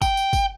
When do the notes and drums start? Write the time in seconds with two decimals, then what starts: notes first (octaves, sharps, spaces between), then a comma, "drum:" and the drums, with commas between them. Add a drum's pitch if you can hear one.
0.02 G5, drum: kick G1, tambourine
0.17 drum: tambourine
0.33 drum: kick G1, tambourine